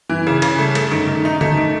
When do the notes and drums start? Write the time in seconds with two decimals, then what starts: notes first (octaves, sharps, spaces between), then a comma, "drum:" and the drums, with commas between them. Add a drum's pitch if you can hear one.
0.10 E3
0.27 C#3
0.42 C#3, drum: cymbal
0.58 A3
0.75 A3, drum: cymbal
0.91 D#3
1.08 D#3
1.25 D#4
1.41 A3, drum: tom D3
1.57 D#3